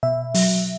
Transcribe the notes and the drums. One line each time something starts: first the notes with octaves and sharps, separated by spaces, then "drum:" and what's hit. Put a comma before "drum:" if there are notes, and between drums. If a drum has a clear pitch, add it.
B2 E5
F#3, drum: open hi-hat